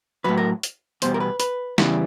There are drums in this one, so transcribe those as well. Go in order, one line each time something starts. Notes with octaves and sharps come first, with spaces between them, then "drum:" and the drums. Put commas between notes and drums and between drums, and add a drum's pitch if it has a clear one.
A2 F#3 B4
A#4
drum: hi-hat
E2 B2 G3 C5, drum: hi-hat
A#4
B4
B4, drum: hi-hat
E2 C#3 E3 G3, drum: snare